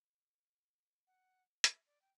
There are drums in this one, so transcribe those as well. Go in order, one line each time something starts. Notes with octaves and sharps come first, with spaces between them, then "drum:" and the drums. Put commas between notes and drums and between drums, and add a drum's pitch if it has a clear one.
F#5
E5, drum: hi-hat
D5
G5